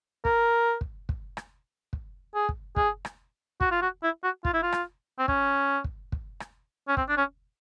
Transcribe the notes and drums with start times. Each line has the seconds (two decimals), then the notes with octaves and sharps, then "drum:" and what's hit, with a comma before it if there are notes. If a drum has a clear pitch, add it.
0.25 A#4, drum: kick
0.81 drum: kick
1.09 drum: kick
1.37 drum: rim click
1.93 drum: kick
2.35 G#4
2.49 drum: kick
2.76 G#4, drum: kick
3.05 drum: rim click
3.61 F#4, drum: kick
3.71 F4
3.82 F#4
4.03 E4
4.23 F#4
4.45 F4, drum: kick
4.54 E4
4.63 F4
4.72 drum: rim click
5.19 C4
5.28 C#4, drum: kick
5.84 drum: kick
6.12 drum: kick
6.40 drum: rim click
6.88 C#4
6.97 C4, drum: kick
7.09 D4
7.17 C#4